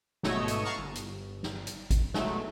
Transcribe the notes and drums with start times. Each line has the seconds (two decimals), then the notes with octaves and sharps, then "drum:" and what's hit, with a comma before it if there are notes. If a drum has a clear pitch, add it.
0.23 G#1 B2 A3 C#5 D#5 E6, drum: snare
0.48 drum: hi-hat
0.65 F5 F#5 A5 A#5 C#6 F6
0.78 G1
0.95 drum: hi-hat
1.43 drum: snare
1.67 drum: hi-hat
1.91 drum: kick G#1, hi-hat
2.14 B2 F#3 G#3 A3, drum: snare